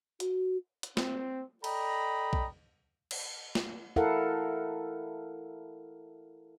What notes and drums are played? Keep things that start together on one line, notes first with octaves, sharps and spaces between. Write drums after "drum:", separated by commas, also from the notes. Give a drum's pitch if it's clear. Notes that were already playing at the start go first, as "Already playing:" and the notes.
F#4, drum: hi-hat
drum: hi-hat
C4, drum: snare
A4 D5 D#5 G5 A#5 B5, drum: cymbal
drum: kick B1
drum: cymbal
drum: snare
E4 A4 A#4 F5 F#5